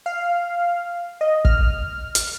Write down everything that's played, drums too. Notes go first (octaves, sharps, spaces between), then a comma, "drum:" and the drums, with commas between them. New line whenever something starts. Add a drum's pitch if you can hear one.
F5
D#5
F6, drum: kick
drum: hi-hat